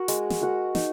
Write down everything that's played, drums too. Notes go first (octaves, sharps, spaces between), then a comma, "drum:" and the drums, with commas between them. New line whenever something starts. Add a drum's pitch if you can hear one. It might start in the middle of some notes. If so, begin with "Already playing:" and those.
Already playing: F#4 A#4
G#3, drum: hi-hat
drum: snare
F#4 A#4
D#4, drum: snare